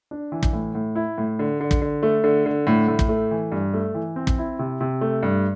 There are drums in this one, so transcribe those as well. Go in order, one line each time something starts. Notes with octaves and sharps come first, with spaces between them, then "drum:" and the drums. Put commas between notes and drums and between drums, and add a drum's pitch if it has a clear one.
D4
E3
drum: kick
A2
A2
E4
A2
D3
D3
drum: kick
D3
A3
D3
D3
A2
A2
drum: kick
A3
E3
G2
A3
E3
C4
drum: kick
E4
C3
C3
A3
G2